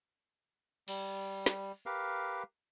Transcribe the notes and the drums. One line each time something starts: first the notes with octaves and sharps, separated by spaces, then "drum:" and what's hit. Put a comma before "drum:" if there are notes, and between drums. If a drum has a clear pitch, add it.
G3, drum: cymbal
drum: snare
G4 A#4 B4 F5